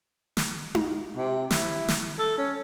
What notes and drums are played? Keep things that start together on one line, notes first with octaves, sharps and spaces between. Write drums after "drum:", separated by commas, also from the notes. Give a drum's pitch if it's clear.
drum: snare
drum: tom D#4
C3
E4, drum: snare
drum: snare
A4
C#4